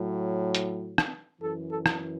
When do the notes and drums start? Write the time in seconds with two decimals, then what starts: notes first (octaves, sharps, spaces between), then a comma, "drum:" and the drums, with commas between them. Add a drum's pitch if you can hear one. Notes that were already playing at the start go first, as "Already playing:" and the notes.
Already playing: A2 F#3
0.55 drum: hi-hat
0.98 drum: rim click
1.41 F#2 E3 A4
1.70 A4
1.86 drum: rim click